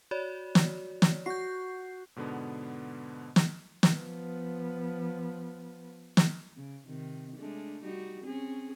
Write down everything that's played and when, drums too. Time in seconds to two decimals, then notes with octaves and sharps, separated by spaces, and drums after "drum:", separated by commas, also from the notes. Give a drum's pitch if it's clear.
0.11 F#4 C#5 D5
0.55 drum: snare
1.02 drum: snare
1.26 F#4 G6 C7
2.16 G#2 B2 D3 B3
3.36 drum: snare
3.83 drum: snare
3.93 F3 B3
6.17 drum: snare
6.56 C#3
6.87 C3 D#3
7.36 G#3 A3 D4
7.82 G3 D#4 F#4
8.25 C4 C#4 G#4